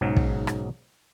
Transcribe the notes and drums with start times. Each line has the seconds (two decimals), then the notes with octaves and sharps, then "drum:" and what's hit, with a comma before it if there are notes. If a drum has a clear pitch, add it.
0.01 B1 G#2 C#3 F#3
0.16 drum: kick
0.47 drum: rim click